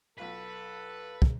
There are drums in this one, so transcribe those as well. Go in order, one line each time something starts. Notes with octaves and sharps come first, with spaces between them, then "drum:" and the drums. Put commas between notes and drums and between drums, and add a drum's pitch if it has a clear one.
B1 F4 A4 B4 B6
drum: kick